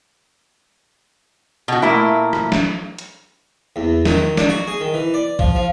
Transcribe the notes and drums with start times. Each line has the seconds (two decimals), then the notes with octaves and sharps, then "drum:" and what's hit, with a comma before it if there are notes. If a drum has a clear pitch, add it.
1.68 B2 F#4
1.82 A#2 A3 A#3 E4 A#5 B5
2.33 drum: rim click
2.52 drum: snare
2.99 drum: hi-hat
3.76 E2
4.05 D#3, drum: snare
4.37 D4, drum: snare
4.49 F#4
4.67 G#4
4.80 D#3
4.94 E3
5.14 D5
5.39 F3, drum: kick A#1
5.55 F3